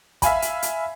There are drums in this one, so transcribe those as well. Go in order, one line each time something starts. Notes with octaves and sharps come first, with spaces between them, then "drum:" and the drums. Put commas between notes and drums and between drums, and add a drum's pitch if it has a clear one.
E5 F5 G#5 B5, drum: kick, hi-hat
drum: hi-hat
drum: hi-hat